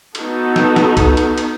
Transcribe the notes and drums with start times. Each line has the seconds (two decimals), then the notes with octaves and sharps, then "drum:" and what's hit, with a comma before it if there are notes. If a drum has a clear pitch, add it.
0.15 B3 D#4 F#4 A4, drum: cymbal
0.56 drum: snare
0.76 drum: snare
0.97 drum: kick C2, cymbal
1.17 drum: cymbal
1.38 drum: cymbal